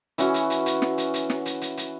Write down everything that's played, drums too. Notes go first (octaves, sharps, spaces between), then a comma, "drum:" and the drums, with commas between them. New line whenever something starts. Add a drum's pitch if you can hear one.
E3 C#4 F#4, drum: hi-hat
drum: hi-hat
drum: hi-hat
drum: hi-hat
drum: snare
drum: hi-hat
drum: hi-hat
drum: snare
drum: hi-hat
drum: hi-hat
drum: hi-hat